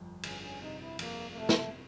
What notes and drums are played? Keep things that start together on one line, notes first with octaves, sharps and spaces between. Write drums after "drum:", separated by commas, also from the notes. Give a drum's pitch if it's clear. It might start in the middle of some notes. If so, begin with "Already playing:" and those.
Already playing: G1 F2
G1 C#4, drum: cymbal
C#4
C3 D#4
E4
F2 A#3, drum: cymbal
A#3
C3 A3
drum: snare